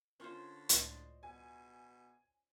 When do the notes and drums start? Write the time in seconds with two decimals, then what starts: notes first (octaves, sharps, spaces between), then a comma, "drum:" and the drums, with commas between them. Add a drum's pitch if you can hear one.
0.20 D3 C#4 F4 A#4 C5 C6 F6
0.69 C#2 A2 C5 D5 D#5, drum: hi-hat
1.23 B2 G#5